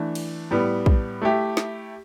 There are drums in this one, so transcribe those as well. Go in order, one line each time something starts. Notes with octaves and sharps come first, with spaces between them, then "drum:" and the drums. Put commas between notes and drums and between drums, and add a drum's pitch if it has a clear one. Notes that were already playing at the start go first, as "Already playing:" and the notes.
Already playing: E3 A3 D4
drum: cymbal
A2 G3 B3
drum: kick
A3 E4 G4
drum: snare